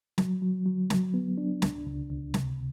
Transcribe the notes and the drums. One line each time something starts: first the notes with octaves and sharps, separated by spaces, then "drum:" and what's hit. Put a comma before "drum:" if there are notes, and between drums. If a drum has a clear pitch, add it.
F#3, drum: snare
F#3
F#3
F#3, drum: snare
B3
D4
C#2, drum: snare
C#2
C#2
C3, drum: snare